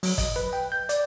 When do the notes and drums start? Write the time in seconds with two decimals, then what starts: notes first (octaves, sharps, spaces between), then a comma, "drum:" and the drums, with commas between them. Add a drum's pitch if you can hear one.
0.03 F#3, drum: open hi-hat
0.18 D#5, drum: kick, hi-hat
0.36 B4
0.53 G5
0.72 G6
0.89 D5, drum: hi-hat